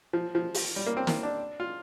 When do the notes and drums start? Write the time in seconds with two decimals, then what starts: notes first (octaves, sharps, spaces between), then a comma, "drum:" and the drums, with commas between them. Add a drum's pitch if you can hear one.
0.13 F3
0.35 F3
0.54 drum: open hi-hat
0.76 G3
0.86 A#3
0.97 C4
1.07 A#3, drum: snare
1.23 D4
1.60 F4